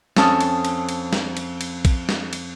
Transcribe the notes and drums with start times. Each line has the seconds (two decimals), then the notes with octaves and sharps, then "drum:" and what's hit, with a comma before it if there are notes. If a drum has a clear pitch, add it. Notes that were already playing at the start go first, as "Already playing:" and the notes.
0.17 F2 C#4 A5 D#6, drum: snare
0.41 drum: cymbal
0.65 drum: cymbal
0.89 drum: cymbal
1.13 drum: snare
1.37 drum: cymbal
1.61 drum: cymbal
1.85 drum: kick A#1, cymbal
2.09 drum: snare
2.33 drum: cymbal